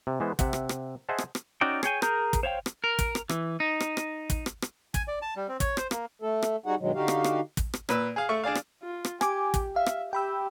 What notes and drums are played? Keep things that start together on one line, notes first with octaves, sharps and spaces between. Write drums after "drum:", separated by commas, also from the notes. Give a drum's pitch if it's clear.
C3
E3 G#3 B3 C5
C3 E5 F#5, drum: kick, hi-hat
drum: rim click
drum: rim click
G#4 C5 D#5 E5 F#5 A5
drum: rim click
drum: rim click
C#4 D#4 F#4 D5 G5
G#4 C#5 G5 G#5, drum: rim click
G#4 A#4 A#5 G6, drum: rim click
drum: kick, hi-hat
C5 C#5 F5 G5
drum: rim click
A#4
drum: kick, hi-hat
drum: rim click
E3, drum: rim click
D#4
drum: rim click
drum: rim click
drum: kick, hi-hat
drum: rim click
drum: rim click
G#5, drum: kick, hi-hat
D5
A5
G3
C4
C#5, drum: kick, hi-hat
C5, drum: rim click
A#3, drum: rim click
A3 A4
drum: rim click
G3 D#4 F#4 G#4 F#5
G2 B2 D#3 F#3 G#3
D3 D#4 F#4 G4 F5
drum: rim click
drum: rim click
drum: kick, hi-hat
drum: rim click
A#2 B4 E6, drum: rim click
G#4 F5
A3 E5 C#6
D4 G#4 D5 F5
drum: rim click
F4
drum: rim click
G4 G#5 D6, drum: rim click
drum: kick, hi-hat
E5 F5
drum: rim click
G4 G5 B5 E6